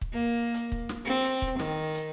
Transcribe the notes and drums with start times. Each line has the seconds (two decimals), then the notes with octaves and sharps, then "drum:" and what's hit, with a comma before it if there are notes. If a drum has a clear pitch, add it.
0.01 drum: kick
0.12 A#3
0.54 drum: hi-hat
0.72 drum: kick
0.89 drum: snare
1.05 C4
1.24 drum: hi-hat
1.42 drum: kick
1.59 D#3, drum: snare
1.95 drum: hi-hat